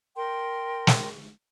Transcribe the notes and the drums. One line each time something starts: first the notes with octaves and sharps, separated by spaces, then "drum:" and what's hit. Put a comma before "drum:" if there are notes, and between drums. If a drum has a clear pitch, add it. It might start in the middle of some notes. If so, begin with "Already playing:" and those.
A#4 G5 C6
drum: snare